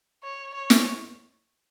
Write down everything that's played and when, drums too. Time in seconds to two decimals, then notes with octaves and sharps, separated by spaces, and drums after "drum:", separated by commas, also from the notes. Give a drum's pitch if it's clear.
0.23 C#5
0.55 C#5
0.70 drum: snare